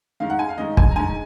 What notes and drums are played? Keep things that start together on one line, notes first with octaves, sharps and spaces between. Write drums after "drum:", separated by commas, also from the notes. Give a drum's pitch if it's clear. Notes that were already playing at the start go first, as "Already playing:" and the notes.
G#2 D#3 F5
F#5
G#5
F5
G#2 D#3 D#5
G#5, drum: kick
A#5
G#2 D#3 G#5